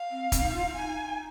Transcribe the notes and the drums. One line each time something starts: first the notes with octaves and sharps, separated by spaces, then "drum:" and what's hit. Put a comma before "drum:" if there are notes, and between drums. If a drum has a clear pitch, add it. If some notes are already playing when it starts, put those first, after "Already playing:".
Already playing: F5
C4
C4, drum: kick, hi-hat
D#4
F4
D#4
D#4 G#5